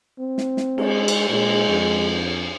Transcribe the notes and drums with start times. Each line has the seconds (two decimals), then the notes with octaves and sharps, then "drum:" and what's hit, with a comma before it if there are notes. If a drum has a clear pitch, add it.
0.19 C4
0.38 drum: snare
0.57 drum: snare
0.78 G#3, drum: cymbal
1.08 drum: cymbal
1.30 A#2 G#3, drum: cymbal
1.68 F2